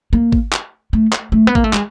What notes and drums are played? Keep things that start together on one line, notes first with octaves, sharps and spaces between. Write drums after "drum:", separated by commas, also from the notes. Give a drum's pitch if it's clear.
A#3
drum: kick
drum: clap
A3
drum: clap
A3
B3
A#3, drum: kick
A3
G#3, drum: clap